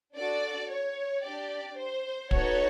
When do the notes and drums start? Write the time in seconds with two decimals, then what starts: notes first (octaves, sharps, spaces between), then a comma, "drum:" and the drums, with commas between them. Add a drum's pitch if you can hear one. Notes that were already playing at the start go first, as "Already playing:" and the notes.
0.15 D4 F#4 A4 D5
0.69 C#5
1.24 D4 G4 D5
1.77 C5
2.31 B3 D#4 F#4 A4 C#5, drum: kick